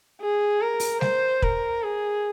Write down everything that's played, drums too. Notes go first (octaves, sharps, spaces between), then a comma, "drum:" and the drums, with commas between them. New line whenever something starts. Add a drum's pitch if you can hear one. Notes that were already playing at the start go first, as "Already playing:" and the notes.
G#4
A#4
drum: open hi-hat
C5, drum: snare
A#4, drum: kick
G#4